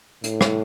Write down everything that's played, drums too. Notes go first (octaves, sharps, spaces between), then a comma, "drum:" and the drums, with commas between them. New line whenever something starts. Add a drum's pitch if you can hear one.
A2, drum: hi-hat
drum: rim click